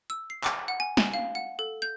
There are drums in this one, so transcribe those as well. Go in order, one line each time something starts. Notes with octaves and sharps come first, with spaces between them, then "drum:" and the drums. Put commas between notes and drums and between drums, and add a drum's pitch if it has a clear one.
E6
C7
D6, drum: clap
F#5
G#5
G#5, drum: snare
F5
F#5
A4
G6